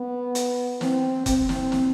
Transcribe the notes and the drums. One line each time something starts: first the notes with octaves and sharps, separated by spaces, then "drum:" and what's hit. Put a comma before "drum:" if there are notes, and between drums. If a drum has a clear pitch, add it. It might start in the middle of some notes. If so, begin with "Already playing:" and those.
Already playing: B3
drum: hi-hat
C4, drum: snare
C4, drum: kick F1, hi-hat
drum: snare
drum: snare